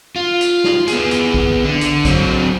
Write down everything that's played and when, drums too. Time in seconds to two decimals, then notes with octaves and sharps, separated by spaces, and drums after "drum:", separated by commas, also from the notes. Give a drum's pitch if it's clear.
0.16 F4
0.41 drum: hi-hat
0.64 drum: snare
0.88 B3 G#4, drum: hi-hat
1.11 drum: hi-hat
1.34 drum: kick B1
1.64 D3
1.81 drum: hi-hat
2.05 F#3 C4, drum: kick B1, hi-hat